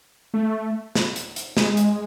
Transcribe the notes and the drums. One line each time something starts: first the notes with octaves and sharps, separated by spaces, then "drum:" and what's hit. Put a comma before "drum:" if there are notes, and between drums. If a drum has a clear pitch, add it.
A3
drum: snare
drum: hi-hat
drum: hi-hat
G#3, drum: snare
drum: hi-hat